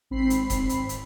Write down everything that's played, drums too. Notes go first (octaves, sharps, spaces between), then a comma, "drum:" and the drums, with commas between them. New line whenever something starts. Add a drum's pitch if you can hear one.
G#1 C4 B5 C7
drum: hi-hat
drum: kick D#1, hi-hat
drum: hi-hat
drum: hi-hat